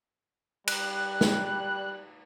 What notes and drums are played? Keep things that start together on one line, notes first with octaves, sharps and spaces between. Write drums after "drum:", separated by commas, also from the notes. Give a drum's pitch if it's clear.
G3 F#6, drum: cymbal
drum: snare